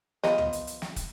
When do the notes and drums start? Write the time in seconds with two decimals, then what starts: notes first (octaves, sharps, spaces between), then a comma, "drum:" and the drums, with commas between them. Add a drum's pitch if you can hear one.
0.24 F3 B3 D#5, drum: snare
0.38 drum: tom
0.53 drum: hi-hat
0.67 drum: hi-hat
0.82 drum: snare
0.96 drum: kick, hi-hat